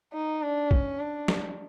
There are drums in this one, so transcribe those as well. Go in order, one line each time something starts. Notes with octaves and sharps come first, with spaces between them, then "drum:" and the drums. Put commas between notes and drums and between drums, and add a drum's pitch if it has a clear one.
D#4
D4
C#4, drum: kick
D4
drum: snare